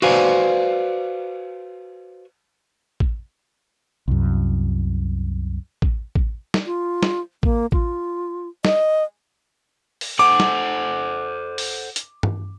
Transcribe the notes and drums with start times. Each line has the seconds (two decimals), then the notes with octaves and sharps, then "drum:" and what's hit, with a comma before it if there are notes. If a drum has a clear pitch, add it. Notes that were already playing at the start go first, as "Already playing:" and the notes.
0.02 F#4 B4 C5 D5 F5 G#5, drum: cymbal
3.00 drum: kick A1
4.08 C2 F#2
5.82 drum: kick A1
6.15 drum: kick A1
6.54 drum: snare
6.66 F4
7.03 drum: snare
7.43 A#3, drum: kick A1
7.72 F4, drum: kick A1
8.65 D#5, drum: snare
10.01 drum: open hi-hat
10.19 A4 C5 F#5 D6
10.40 drum: snare
11.58 drum: open hi-hat
11.96 drum: hi-hat
12.23 drum: tom G2